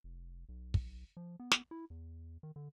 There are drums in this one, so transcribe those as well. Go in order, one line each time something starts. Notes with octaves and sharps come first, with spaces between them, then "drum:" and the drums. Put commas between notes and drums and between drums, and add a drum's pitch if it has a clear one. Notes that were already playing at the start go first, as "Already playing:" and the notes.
F1
B1
drum: kick
F3
B3
drum: snare
E4
E2
D#3
D3